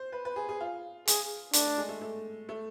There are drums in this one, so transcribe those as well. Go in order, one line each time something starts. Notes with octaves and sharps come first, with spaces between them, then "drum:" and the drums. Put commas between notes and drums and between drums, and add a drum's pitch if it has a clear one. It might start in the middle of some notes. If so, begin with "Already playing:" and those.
Already playing: C5
B4
B4
G#4
G#4
F4
G#4, drum: hi-hat
A3 D4, drum: hi-hat
A3
G#3
A3
A3
A3